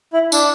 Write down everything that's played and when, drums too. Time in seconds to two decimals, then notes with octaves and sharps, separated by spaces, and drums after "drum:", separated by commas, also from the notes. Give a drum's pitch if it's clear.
0.13 E4
0.32 D4, drum: tambourine